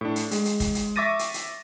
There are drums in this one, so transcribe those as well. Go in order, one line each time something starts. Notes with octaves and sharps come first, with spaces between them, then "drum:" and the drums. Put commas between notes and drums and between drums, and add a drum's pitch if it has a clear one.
A2 D4
drum: hi-hat
G#3, drum: hi-hat
drum: hi-hat
drum: kick, hi-hat
drum: hi-hat
E5 C#6 D6 A6 A#6 D#7
drum: hi-hat
drum: hi-hat